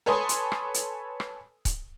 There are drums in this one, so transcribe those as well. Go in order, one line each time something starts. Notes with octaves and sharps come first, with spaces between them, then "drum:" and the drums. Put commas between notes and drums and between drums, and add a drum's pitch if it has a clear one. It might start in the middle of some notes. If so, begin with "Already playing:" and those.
A4 B4 C#5 G#5 C6 D#6
drum: hi-hat
drum: rim click
drum: hi-hat
drum: rim click
drum: kick C#1, hi-hat